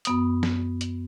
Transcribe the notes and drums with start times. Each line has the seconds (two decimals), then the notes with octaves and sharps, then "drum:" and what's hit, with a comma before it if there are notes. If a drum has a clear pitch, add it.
0.05 F#2 B3 D#6, drum: hi-hat
0.43 drum: snare
0.81 drum: hi-hat